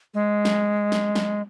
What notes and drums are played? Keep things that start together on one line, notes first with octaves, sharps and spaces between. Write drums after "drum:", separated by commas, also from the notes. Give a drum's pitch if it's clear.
G#3
drum: snare
drum: snare
drum: snare